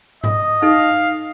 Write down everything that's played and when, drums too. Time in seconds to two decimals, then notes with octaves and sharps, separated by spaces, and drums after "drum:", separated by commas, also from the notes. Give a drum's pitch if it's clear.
0.24 D#5, drum: tom G#2
0.62 D#4 A4 F5